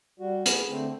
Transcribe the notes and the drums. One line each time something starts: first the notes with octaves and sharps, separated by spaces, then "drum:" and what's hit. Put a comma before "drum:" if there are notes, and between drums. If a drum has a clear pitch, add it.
G3 F#4
G#4 B4 F#5, drum: hi-hat
D3 A3 C4